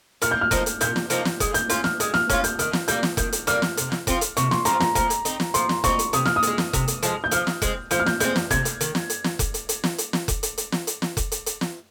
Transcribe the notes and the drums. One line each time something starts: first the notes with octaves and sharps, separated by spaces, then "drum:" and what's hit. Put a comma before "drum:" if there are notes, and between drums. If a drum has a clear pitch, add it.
A#2 F6, drum: hi-hat
G6
F6
F3 A#3 D#4, drum: kick F1, hi-hat
drum: hi-hat
A#2 G6, drum: hi-hat
drum: snare
F3 A#3 D#4, drum: hi-hat
drum: snare
G#3 D#6, drum: kick F1, hi-hat
G6, drum: hi-hat
C#4 F4 G6, drum: hi-hat
F6, drum: snare
G#3 D#6, drum: hi-hat
F6, drum: snare
C#4 F4 F6, drum: kick F1, hi-hat
G6, drum: hi-hat
D#3 F6, drum: hi-hat
drum: snare
G3 A#3 G6, drum: hi-hat
drum: snare
D#3 G6, drum: kick F1, hi-hat
drum: hi-hat
G3 A#3 F6, drum: hi-hat
drum: snare
C3, drum: hi-hat
drum: snare
F3 C4 F4, drum: kick F1, hi-hat
drum: hi-hat
C3 C#6, drum: hi-hat
C6, drum: snare
F3 C4 F4 A#5, drum: hi-hat
A#5, drum: snare
F3 A#5, drum: kick F1, hi-hat
drum: hi-hat
C4 D#4, drum: hi-hat
drum: snare
F3 C6, drum: hi-hat
drum: snare
C4 C#6, drum: kick F1, hi-hat
D#4
drum: hi-hat
C3 D#6, drum: hi-hat
F6, drum: snare
D#6
F3, drum: hi-hat
G#3
drum: snare
C3, drum: kick F1, hi-hat
drum: hi-hat
F3 G#3, drum: hi-hat
G6
F3 F6, drum: hi-hat
drum: snare
G#3 C4, drum: kick F1, hi-hat
F3 G6, drum: hi-hat
F6
G6, drum: snare
G#3 C4 G6, drum: hi-hat
drum: snare
C3 G#6, drum: kick F1, hi-hat
drum: hi-hat
D#3, drum: hi-hat
drum: snare
drum: hi-hat
drum: snare
drum: kick F1, hi-hat
drum: hi-hat
drum: hi-hat
drum: snare
drum: hi-hat
drum: snare
drum: kick F1, hi-hat
drum: hi-hat
drum: hi-hat
drum: snare
drum: hi-hat
drum: snare
drum: kick F1, hi-hat
drum: hi-hat
drum: hi-hat
drum: snare